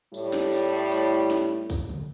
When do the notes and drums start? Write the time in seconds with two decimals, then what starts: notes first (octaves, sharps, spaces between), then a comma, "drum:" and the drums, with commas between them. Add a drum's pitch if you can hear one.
0.14 A2 G3, drum: tambourine
0.33 drum: snare
0.53 drum: tambourine
0.92 drum: tambourine
1.31 drum: snare
1.70 drum: kick B1, tambourine
1.89 drum: tom